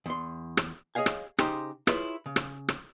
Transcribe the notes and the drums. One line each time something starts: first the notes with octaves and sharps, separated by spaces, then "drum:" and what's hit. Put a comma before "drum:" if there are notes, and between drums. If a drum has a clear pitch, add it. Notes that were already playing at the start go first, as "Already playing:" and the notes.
E2 C6
drum: rim click
G#4 C#5 D#5 F5 G#5
drum: rim click
C#3 D#4 G4 C5 C6, drum: rim click
E4 F4 G#4 B4 C#5, drum: rim click
C#3
drum: rim click
drum: rim click